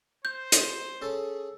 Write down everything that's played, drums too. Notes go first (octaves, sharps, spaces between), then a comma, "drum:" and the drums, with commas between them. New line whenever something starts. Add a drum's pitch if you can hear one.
C5 G6
drum: hi-hat
C#4 G#4 A4